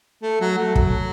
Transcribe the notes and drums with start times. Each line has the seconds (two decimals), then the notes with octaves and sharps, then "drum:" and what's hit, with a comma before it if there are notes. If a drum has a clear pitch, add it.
0.23 A3
0.41 F#3
0.58 A3
0.76 F#3, drum: kick